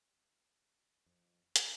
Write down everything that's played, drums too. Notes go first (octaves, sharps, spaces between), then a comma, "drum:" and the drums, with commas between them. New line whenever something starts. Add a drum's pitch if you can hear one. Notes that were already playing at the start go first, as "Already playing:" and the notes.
F2
G2, drum: hi-hat